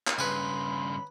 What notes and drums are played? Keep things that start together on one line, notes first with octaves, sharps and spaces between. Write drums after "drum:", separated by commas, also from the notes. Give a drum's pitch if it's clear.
drum: clap
G2 C#3 B4 G#5 B5 C6